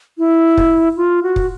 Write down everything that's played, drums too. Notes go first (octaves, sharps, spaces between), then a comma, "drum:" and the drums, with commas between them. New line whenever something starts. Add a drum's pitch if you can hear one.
E4
drum: kick
F4
F#4
drum: kick